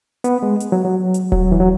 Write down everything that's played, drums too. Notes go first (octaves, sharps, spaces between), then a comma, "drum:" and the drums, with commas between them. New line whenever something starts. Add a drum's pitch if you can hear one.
B3, drum: hi-hat
G#3
drum: hi-hat
F#3
F#3
drum: hi-hat
F#3, drum: kick D#1
E3
F#3